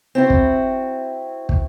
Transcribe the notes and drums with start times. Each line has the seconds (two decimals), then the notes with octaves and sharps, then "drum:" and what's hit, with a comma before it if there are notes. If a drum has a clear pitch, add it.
0.15 C4 E4 F#4
0.30 drum: kick
1.49 drum: kick